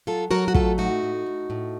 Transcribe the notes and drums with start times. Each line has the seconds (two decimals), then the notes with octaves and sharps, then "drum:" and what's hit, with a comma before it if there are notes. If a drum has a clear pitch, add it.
0.07 F#3 F4 A4
0.31 F#3 F#4 A#4
0.48 F#4
0.55 A3 F4 A4, drum: kick
0.78 A2 D#4 F#4
1.03 A2
1.26 A2
1.50 A2